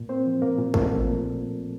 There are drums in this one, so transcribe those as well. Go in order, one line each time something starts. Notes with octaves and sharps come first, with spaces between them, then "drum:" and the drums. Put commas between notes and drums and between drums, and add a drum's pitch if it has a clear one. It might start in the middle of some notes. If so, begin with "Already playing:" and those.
Already playing: A#2
A#3 C4 C5
F3
A#2 A#3 A#4
A#2
A3 A#3 A4, drum: kick A1
F3
A#2